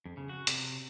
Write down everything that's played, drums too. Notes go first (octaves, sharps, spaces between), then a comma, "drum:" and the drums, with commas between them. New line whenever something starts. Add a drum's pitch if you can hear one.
F2
C#3
F#4
C3, drum: hi-hat